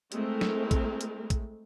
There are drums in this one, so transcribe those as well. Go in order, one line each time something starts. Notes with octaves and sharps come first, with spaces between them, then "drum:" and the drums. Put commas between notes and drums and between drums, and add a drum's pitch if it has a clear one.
G#3 A3 C4 E4 A#4, drum: hi-hat
drum: snare
drum: kick A#1, hi-hat
drum: hi-hat
drum: kick A#1, hi-hat